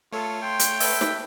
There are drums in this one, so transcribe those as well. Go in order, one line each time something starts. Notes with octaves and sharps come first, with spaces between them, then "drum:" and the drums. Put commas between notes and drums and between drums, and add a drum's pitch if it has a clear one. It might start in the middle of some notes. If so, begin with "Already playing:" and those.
A3 F4 A4 C#5
G5 C6
drum: hi-hat
A4 B4 E5, drum: open hi-hat
drum: snare